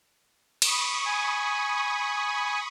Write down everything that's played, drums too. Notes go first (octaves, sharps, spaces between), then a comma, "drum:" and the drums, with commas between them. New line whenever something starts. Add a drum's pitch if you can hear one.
B5 C#6 D#6, drum: cymbal
G#5